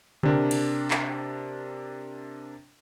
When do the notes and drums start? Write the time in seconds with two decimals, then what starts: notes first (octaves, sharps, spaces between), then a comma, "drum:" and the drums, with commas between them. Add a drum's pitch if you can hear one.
0.23 C3 D4 A#4, drum: tom C#3
0.51 drum: cymbal
0.91 drum: clap